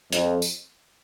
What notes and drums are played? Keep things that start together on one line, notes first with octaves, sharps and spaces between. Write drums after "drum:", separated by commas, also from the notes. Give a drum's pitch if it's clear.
F2, drum: hi-hat
drum: tambourine